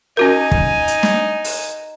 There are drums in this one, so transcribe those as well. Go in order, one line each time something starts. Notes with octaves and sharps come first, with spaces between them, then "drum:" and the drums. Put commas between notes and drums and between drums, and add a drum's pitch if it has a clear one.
C#4 D#4 F#4 A#4 G#5
drum: kick
drum: hi-hat
drum: snare
drum: open hi-hat